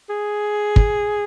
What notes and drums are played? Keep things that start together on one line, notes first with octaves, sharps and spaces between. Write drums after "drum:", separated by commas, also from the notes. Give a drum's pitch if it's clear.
G#4
drum: kick